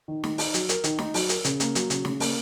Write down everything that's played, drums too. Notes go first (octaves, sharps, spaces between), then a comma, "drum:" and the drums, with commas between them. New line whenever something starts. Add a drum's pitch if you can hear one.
D#3
D#3, drum: snare
D#4, drum: open hi-hat
F#3, drum: hi-hat
A#4, drum: hi-hat
D#3, drum: hi-hat
D#4, drum: snare
F#3, drum: open hi-hat
A#4, drum: hi-hat
C#3, drum: hi-hat
A#3, drum: hi-hat
F#3, drum: hi-hat
C#3, drum: hi-hat
C#3, drum: snare
A#3, drum: open hi-hat